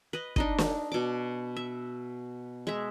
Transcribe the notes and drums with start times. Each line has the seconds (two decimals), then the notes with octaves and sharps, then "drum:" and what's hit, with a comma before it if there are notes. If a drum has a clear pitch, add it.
0.13 B4 D#5
0.36 D4 D#4 D#5, drum: kick
0.58 drum: snare
0.92 B2 D6
1.57 E5
2.67 G#3 E5